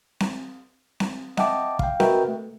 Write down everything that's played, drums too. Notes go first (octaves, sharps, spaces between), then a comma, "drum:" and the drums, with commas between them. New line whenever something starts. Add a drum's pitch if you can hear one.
drum: snare C4
drum: snare C4
D#5 E5 F#5 G5 A5 D6, drum: snare C4
F5 G5, drum: kick
F#4 A#4 B4 D#5 E5 G5, drum: snare C4
A3